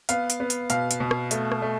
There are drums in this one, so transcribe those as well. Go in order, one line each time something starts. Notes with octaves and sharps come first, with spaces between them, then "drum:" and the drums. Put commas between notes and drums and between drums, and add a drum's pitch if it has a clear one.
B3 F5, drum: hi-hat
drum: hi-hat
B3
drum: hi-hat
B2 F5, drum: hi-hat
drum: hi-hat
B2
drum: rim click
A3, drum: hi-hat
drum: rim click
A3